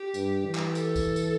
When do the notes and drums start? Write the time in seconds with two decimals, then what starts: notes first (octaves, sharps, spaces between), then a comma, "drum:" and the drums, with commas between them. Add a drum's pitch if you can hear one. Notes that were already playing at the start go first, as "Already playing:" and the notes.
Already playing: G4
0.14 G2, drum: tambourine
0.45 E3
0.55 drum: clap
0.75 A4, drum: tambourine
0.96 drum: kick, tambourine
1.16 drum: tambourine